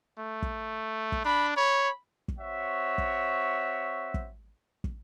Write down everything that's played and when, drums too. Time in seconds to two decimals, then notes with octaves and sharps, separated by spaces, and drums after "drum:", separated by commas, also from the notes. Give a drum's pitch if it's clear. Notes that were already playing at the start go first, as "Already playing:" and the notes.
0.19 A3
0.42 drum: kick
1.12 drum: kick
1.25 D4 B5
1.57 C#5 B5
2.28 drum: kick
2.38 C4 F#4 C#5 E5
2.98 drum: kick
4.14 drum: kick
4.84 drum: kick